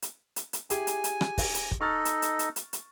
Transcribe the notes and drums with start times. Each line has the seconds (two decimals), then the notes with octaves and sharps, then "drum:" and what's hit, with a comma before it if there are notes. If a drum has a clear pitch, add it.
0.02 drum: hi-hat
0.36 drum: hi-hat
0.53 drum: hi-hat
0.70 E4 G4 G#4 G#5, drum: hi-hat
0.87 drum: hi-hat
1.04 drum: hi-hat
1.21 drum: rim click
1.38 drum: kick, open hi-hat
1.55 drum: hi-hat
1.71 drum: kick
1.81 D#4 A4 D#5 C#6 F6 A6
2.05 drum: hi-hat
2.22 drum: hi-hat
2.39 drum: hi-hat
2.56 drum: hi-hat
2.73 drum: hi-hat